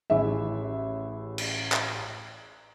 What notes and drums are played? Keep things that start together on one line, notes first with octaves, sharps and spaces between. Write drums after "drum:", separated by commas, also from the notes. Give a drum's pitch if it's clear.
A1 E4 G#4 E5
drum: cymbal
drum: clap